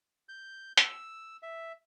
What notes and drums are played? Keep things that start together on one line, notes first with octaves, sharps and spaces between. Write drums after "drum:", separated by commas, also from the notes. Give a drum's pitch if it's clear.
G6
E6, drum: hi-hat
E5